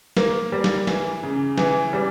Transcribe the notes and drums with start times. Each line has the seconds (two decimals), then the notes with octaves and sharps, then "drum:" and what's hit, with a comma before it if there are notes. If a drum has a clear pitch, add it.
0.17 A#3, drum: snare
0.52 G3
0.64 drum: snare
0.87 E3, drum: snare
1.23 C#3
1.58 E3, drum: snare
1.93 G3